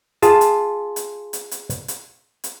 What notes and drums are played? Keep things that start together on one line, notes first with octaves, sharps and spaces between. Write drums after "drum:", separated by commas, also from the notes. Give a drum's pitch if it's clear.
F4 G#4 A5, drum: hi-hat
drum: hi-hat
drum: hi-hat
drum: hi-hat
drum: hi-hat
drum: hi-hat
drum: hi-hat
drum: hi-hat